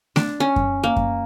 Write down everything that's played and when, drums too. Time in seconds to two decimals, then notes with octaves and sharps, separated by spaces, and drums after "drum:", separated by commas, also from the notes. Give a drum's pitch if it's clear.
0.16 D4, drum: snare A3
0.40 C#4
0.56 drum: kick F#2
0.84 A#3
0.96 drum: kick F#2